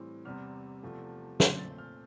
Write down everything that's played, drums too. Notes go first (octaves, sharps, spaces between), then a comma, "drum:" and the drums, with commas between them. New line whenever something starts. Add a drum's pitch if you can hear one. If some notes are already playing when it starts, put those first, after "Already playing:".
Already playing: A2 E3 G3 C4
E2 C3 G3 C4 F6
E2 C3 F3 A3
A#2 A3 C4 G6, drum: snare
A6
F6